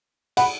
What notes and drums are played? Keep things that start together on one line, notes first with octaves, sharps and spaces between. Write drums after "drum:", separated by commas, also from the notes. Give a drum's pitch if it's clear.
F#5 B5, drum: cymbal